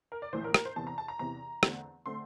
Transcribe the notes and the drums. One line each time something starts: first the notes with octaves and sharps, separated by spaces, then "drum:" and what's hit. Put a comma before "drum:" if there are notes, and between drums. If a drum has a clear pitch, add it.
A#4
D5
A#1 A2 E3 C5
A#4
A#4, drum: rim click
C5
E2 C3 E3 A5
A#5
A5
A#5
E2 C3 E3 A#5
E2 D3 A3 C4, drum: rim click
D3 A3 C4 C6